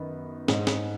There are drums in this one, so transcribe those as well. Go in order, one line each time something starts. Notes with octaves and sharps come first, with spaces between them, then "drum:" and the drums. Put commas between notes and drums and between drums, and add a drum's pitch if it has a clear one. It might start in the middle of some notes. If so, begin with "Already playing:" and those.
Already playing: F#2 D#3 B3 D#4
G#2 G#3 D#4, drum: snare
drum: snare